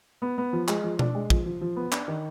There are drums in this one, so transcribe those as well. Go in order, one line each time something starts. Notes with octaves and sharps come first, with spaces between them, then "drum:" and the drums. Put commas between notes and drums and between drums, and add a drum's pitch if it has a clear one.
B3
B3
F3
G#3, drum: clap
F3
D4, drum: tom B2
G#3
F3, drum: kick
F3
F3
B3
D4, drum: clap
D#3